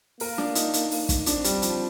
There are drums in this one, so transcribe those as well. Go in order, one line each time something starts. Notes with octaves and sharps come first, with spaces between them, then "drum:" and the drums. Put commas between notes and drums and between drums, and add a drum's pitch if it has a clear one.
A#3 A#4, drum: open hi-hat
D4, drum: snare
D#4, drum: hi-hat
drum: hi-hat
drum: open hi-hat
drum: kick, hi-hat
C4 D4, drum: hi-hat
G3, drum: hi-hat
F3, drum: hi-hat